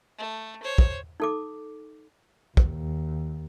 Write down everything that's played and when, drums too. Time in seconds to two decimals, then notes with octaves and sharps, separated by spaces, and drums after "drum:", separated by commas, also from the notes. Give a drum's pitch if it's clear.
0.18 A3
0.63 C5 C#5
0.78 drum: kick
1.20 D#4 A4 D6
2.57 D#2, drum: kick